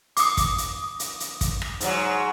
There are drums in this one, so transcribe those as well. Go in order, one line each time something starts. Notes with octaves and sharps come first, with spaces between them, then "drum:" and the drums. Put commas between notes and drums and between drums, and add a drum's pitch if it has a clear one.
D6 D#6, drum: hi-hat
drum: kick, hi-hat
drum: hi-hat
drum: hi-hat
drum: hi-hat
drum: kick, hi-hat
drum: rim click
G#2 F#3, drum: hi-hat